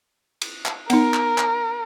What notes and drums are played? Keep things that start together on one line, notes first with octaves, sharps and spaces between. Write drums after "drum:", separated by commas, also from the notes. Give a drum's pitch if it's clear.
drum: cymbal
drum: clap
B3 D#4 A#4, drum: cymbal
drum: clap
drum: clap